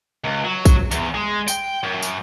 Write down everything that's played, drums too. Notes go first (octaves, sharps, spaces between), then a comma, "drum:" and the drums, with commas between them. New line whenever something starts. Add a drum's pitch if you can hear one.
C#2
F#3
drum: kick A#1, tambourine
E2, drum: tambourine
G#3
G5, drum: tambourine
F#2
drum: tambourine